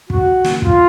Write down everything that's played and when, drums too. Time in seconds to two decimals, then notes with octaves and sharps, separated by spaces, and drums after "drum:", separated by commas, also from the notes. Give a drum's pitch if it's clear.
0.10 F#4, drum: kick
0.44 drum: snare
0.62 F4, drum: kick